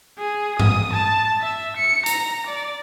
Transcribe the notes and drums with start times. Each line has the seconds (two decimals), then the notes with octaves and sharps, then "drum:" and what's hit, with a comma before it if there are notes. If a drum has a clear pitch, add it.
0.18 G#4
0.60 D#6, drum: tom G2
0.93 A5
1.41 E5
1.77 C#7
2.06 A#5, drum: hi-hat
2.47 D5